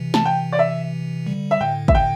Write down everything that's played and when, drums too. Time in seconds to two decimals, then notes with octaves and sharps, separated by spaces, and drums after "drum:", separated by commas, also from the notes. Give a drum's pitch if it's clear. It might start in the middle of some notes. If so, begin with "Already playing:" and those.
Already playing: C3 E3
0.14 A5, drum: snare
0.25 G5
0.53 D5
0.59 E5
1.27 D3 G3
1.51 E5
1.61 A2 D3 G5
1.88 E5, drum: kick
1.94 A2 D3 G5